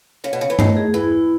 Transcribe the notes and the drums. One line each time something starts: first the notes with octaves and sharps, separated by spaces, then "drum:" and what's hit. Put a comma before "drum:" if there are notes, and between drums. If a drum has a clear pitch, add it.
C#3 C#5
B2
C#3 C#5
E3
D#3 A3, drum: tom G2
G#4
E3 E4
E4